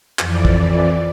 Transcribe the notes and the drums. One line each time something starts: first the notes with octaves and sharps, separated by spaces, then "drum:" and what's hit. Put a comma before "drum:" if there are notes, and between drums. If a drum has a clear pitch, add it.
F2 E3 D5, drum: clap
drum: kick